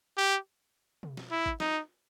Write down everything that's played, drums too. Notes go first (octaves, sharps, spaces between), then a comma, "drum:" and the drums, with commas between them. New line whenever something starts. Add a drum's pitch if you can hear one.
G4
drum: tom
drum: snare
E4
drum: kick
D#4, drum: snare